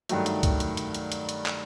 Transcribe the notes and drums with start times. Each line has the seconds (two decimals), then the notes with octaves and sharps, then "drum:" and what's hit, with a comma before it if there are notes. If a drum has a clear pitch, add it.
0.09 G2 D#3 F#3 A3, drum: hi-hat
0.26 drum: hi-hat
0.43 drum: kick, hi-hat
0.60 drum: hi-hat
0.77 drum: hi-hat
0.94 drum: hi-hat
1.12 drum: hi-hat
1.29 drum: hi-hat
1.46 drum: clap